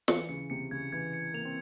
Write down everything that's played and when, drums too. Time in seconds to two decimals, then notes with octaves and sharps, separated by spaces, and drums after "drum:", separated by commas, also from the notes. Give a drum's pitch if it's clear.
0.08 E3 C#7, drum: snare
0.29 C#3 C#7
0.50 C3 C#7
0.71 C#3 G#6
0.92 E3 G#6
1.13 C#7
1.34 A#3 F7
1.45 C4